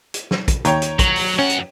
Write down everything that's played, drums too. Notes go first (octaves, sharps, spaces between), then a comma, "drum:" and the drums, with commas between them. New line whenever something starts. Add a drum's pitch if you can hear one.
drum: hi-hat
drum: snare
drum: kick, hi-hat
D#2 C#5 G5 A#5, drum: hi-hat
drum: hi-hat
F#3, drum: kick, hi-hat
drum: open hi-hat
F#2 C#4 F#5
drum: hi-hat